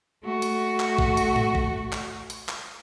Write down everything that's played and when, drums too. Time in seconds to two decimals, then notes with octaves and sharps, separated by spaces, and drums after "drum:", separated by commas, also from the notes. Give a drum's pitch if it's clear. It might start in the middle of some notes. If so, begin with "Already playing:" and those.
0.23 A3 F#4
0.42 drum: hi-hat
0.80 drum: clap
0.99 drum: kick A#1
1.17 drum: hi-hat
1.36 drum: tom A2
1.55 drum: kick A#1
1.92 drum: clap
2.30 drum: hi-hat
2.49 drum: clap